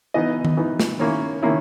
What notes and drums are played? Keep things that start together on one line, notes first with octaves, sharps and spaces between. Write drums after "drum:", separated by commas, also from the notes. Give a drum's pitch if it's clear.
E3 B3 D#4 D#5
drum: tom D#3
E3 B3 D#4
drum: snare
D#3 A#3 C#4 E4 C#5
D#3 A#3 C#4 E4